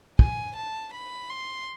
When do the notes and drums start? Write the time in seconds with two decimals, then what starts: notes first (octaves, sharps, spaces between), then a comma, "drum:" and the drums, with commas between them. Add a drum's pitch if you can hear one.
0.19 G#5, drum: kick
0.56 A5
0.94 B5
1.30 C6